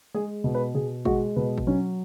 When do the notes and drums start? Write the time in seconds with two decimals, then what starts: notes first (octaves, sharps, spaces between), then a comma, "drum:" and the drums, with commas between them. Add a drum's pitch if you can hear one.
0.14 G#3 G#4
0.44 B2
0.54 B4
0.75 B2 G#4
1.05 G#3 F#4, drum: kick G#1
1.36 B2 B4
1.58 drum: kick G#1
1.67 F#3 C#4